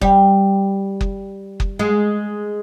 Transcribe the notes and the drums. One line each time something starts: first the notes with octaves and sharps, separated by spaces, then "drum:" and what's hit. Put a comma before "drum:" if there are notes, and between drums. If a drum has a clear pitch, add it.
G3, drum: kick F#1
drum: kick F#1
drum: kick F#1
G#3